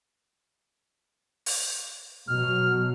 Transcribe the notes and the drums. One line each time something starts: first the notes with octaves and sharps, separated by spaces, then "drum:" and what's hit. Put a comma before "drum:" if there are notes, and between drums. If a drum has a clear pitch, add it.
drum: open hi-hat
B2 F#3 F6